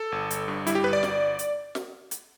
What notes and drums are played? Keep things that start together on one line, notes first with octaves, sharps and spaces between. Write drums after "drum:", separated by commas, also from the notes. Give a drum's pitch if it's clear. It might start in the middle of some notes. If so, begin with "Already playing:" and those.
Already playing: A4
G1
G1, drum: hi-hat
G2
G3 E4, drum: hi-hat
G4
G1 B4
D5
G1, drum: snare
drum: hi-hat
drum: snare
drum: hi-hat